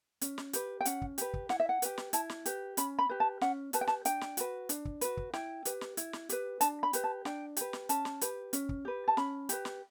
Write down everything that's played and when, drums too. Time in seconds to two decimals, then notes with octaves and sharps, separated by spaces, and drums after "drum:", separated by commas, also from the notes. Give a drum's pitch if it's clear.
0.21 C#4, drum: hi-hat
0.38 drum: snare
0.53 G4 B4, drum: hi-hat
0.81 G5
0.85 C#4 F#5, drum: hi-hat
1.02 drum: kick
1.18 G4 B4, drum: hi-hat
1.34 drum: kick
1.49 E4 F#5, drum: snare
1.60 E5
1.69 F#5
1.82 G4 B4, drum: hi-hat
1.98 drum: snare
2.13 E4 A5, drum: hi-hat
2.30 drum: snare
2.46 G4 B4, drum: hi-hat
2.77 C#4 B5, drum: hi-hat
2.99 B5
3.09 G4 B4
3.20 A5
3.41 C#4 F#5, drum: snare
3.73 G4 B4 A5, drum: hi-hat
3.81 G5
3.87 A5, drum: snare
4.05 D4 G5, drum: hi-hat
4.21 drum: snare
4.37 F#4 B4, drum: hi-hat
4.69 D4, drum: hi-hat
4.85 drum: kick
5.01 F#4 B4, drum: hi-hat
5.17 drum: kick
5.33 E4 G5, drum: snare
5.65 G4 B4, drum: hi-hat
5.81 drum: snare
5.97 E4, drum: hi-hat
6.13 drum: snare
6.29 G4 B4, drum: hi-hat
6.61 D4 A5, drum: hi-hat
6.83 B5
6.93 G4 B4, drum: hi-hat
7.04 A5
7.25 D4 G5, drum: snare
7.57 G4 B4, drum: hi-hat
7.73 drum: snare
7.89 C#4 A5, drum: hi-hat
8.05 drum: snare
8.21 G4 B4, drum: hi-hat
8.53 C#4, drum: hi-hat
8.69 drum: kick
8.85 G4 B4
9.08 A5
9.17 C#4 B5, drum: snare
9.49 G4 B4, drum: hi-hat
9.65 drum: snare